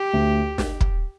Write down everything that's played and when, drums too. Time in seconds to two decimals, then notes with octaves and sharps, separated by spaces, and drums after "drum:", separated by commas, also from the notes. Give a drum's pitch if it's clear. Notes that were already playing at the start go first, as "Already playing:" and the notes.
Already playing: G4
0.13 D2
0.58 drum: snare
0.81 drum: kick